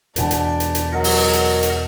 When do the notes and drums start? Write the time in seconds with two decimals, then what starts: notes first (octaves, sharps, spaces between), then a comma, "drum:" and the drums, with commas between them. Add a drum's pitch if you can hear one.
0.16 E1 B2 E3 D4, drum: hi-hat
0.31 drum: hi-hat
0.60 drum: hi-hat
0.75 drum: hi-hat
0.92 F#3 A#4 D#5 F#5
1.04 drum: open hi-hat
1.33 drum: hi-hat
1.63 drum: hi-hat